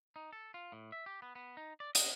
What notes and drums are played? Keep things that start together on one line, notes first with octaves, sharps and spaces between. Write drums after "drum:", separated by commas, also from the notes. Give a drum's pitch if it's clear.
D#4
A4
F4
A2
E5
G4
B3
B3
D#4
D5
D#5, drum: hi-hat